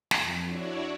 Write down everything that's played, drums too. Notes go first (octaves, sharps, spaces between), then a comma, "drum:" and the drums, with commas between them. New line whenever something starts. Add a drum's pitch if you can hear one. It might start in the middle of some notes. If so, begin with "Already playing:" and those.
F2, drum: snare
D4 E4 F#4 C#5 D5